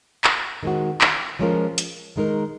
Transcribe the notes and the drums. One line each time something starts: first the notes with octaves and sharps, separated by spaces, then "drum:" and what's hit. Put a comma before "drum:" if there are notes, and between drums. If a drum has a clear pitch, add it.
drum: clap
D#3 G#3 C4 F#4
drum: clap
F3 G#3 C#4 F4 A#4
drum: hi-hat
D#3 G#3 D#4 A#4